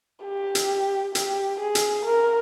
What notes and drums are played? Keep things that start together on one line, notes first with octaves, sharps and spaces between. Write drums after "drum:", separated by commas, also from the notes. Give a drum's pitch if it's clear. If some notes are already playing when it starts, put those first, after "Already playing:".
G4
drum: hi-hat
G4, drum: hi-hat
G#4
drum: hi-hat
A#4